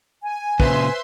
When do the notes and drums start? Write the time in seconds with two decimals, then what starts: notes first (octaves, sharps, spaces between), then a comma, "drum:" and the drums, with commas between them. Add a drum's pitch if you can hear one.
0.23 G#5
0.60 A#2 C#3 B4 C5 E5 C6, drum: kick